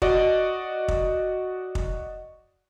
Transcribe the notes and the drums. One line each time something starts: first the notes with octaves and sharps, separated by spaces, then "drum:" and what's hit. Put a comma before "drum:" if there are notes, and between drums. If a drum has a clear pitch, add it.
F#4 D5 D#5, drum: kick
drum: kick
drum: kick